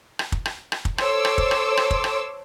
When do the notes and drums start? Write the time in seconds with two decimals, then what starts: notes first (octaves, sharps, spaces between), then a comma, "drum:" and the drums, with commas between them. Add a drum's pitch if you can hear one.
0.19 drum: rim click
0.32 drum: kick
0.45 drum: rim click
0.72 drum: rim click
0.85 drum: kick
0.98 A4 C5 C#5 C6 D6 E6, drum: rim click
1.25 drum: rim click
1.38 drum: kick
1.51 drum: rim click
1.77 drum: rim click
1.91 drum: kick
2.04 drum: rim click